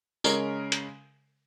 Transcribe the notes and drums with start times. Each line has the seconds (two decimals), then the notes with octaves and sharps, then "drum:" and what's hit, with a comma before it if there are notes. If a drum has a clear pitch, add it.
0.24 C#3 G#3 C#4 A#4, drum: tambourine
0.72 drum: hi-hat